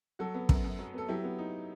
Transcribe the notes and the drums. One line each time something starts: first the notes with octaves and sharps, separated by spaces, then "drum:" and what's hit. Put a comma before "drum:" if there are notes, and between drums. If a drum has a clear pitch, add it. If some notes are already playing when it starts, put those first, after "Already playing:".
F#3 F#4 A4
B3
F#2, drum: kick
F#2
F#3
B3 A4
F#3 E4 G4
B3
D#4